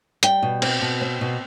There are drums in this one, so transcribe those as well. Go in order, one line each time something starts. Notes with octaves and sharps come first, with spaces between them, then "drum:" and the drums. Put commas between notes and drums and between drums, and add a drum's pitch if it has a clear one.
G3 G5, drum: hi-hat
B2
C4, drum: cymbal
B2
C4
B2